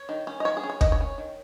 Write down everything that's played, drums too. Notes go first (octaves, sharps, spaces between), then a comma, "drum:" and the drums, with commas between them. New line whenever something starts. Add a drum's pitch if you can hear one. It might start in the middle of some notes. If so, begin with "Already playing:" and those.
Already playing: C#5
D#3
C#4
D#5
D#3 C#5
G#4
C#4
C#5
D#3 D#5, drum: kick
C#5
C#4
D#3